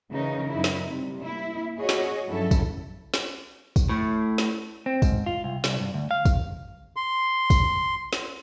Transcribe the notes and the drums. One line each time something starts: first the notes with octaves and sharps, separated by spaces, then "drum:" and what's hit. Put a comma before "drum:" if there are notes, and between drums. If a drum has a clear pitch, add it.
C#3 E3 C#4 D#4 A#4
F#2 D#4 E4
drum: snare
C3 G3
A#3 E4
F#4 G#4 C#5 D#5
drum: snare
G2 F3 F#3 C#4 E4 A4
drum: kick, tambourine
drum: snare
drum: kick, tambourine
A2
drum: snare
C4
G#2, drum: kick, tambourine
F4
C2
C2, drum: snare
G2
D2
F5
drum: kick, tambourine
C6
drum: kick, tambourine
drum: snare